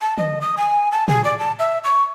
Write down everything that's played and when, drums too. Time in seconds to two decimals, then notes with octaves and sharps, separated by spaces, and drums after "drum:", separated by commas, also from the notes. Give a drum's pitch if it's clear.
0.01 A5
0.18 D#5, drum: tom
0.41 D#6
0.57 G#5
0.92 A5
1.08 G#4, drum: tom
1.24 D5
1.39 A5
1.59 E5
1.84 C#6